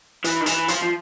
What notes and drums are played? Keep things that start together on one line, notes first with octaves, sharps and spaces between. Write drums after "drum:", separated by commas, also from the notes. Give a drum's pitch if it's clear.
E3, drum: hi-hat
D#3
E3, drum: hi-hat
F3, drum: hi-hat
F3